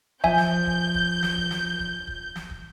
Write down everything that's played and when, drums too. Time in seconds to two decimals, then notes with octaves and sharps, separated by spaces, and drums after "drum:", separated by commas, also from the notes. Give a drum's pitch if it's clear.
0.24 F3 E5 G#5 G6, drum: kick
0.38 drum: snare
0.66 drum: kick
0.94 drum: kick
1.23 drum: snare
1.37 drum: kick
1.51 drum: snare
1.79 drum: kick
2.07 drum: kick
2.36 drum: snare
2.50 drum: kick